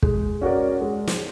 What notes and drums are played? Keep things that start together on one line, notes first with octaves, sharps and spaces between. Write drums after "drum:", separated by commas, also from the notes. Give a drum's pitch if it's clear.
G#3, drum: kick
C#4 F#4 A#4 D5
G#3
drum: snare